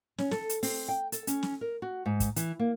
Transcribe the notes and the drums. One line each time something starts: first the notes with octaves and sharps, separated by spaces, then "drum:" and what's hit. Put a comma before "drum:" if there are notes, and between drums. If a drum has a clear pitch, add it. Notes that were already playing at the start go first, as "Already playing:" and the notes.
C#4, drum: snare
A4, drum: snare
drum: hi-hat
C4, drum: open hi-hat
G5
A4, drum: hi-hat
C#4, drum: hi-hat
drum: snare
A#4
F#4
G#2
drum: kick, hi-hat
E3, drum: hi-hat
A#3